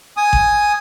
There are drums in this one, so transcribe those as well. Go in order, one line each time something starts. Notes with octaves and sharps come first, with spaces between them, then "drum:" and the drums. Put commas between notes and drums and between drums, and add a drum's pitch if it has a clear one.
G#5 D#6
drum: kick G#1